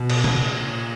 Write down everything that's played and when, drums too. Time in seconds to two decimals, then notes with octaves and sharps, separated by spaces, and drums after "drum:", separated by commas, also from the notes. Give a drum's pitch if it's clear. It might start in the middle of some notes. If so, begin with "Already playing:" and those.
Already playing: B2
0.10 drum: cymbal
0.24 drum: tom C3
0.41 A#2